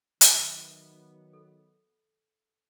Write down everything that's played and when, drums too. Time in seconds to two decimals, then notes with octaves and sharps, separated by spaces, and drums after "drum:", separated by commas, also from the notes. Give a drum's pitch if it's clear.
0.21 D#3 F#3 B3 E5, drum: hi-hat
1.33 A4